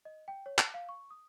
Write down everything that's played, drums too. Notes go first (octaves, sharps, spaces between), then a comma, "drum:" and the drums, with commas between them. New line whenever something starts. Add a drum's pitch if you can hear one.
D#5
G5
C#5
A5, drum: clap
F5
C#6
D#6